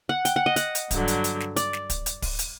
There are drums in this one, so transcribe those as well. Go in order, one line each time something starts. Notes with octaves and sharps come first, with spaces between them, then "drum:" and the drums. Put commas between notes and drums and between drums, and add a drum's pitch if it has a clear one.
F#5
G5, drum: hi-hat
F#5
D#5
F#5, drum: hi-hat
drum: hi-hat
G2 D3 F#3, drum: kick, hi-hat
drum: hi-hat
drum: hi-hat
drum: snare
D5, drum: hi-hat
drum: snare
drum: kick, hi-hat
drum: hi-hat
drum: kick, open hi-hat
drum: hi-hat